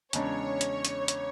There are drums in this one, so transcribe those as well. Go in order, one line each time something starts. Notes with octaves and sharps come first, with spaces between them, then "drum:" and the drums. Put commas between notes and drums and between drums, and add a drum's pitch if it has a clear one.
E2 C#3 G#3 D4 C#5, drum: hi-hat
drum: hi-hat
drum: hi-hat
drum: hi-hat